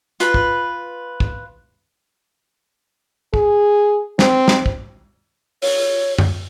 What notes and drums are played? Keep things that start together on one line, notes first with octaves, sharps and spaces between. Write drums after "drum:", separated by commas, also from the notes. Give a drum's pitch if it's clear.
F4 B4 B5, drum: hi-hat
drum: kick
drum: kick
G#4, drum: kick
C4, drum: snare
drum: snare
drum: kick
C#5, drum: open hi-hat
drum: tom F#2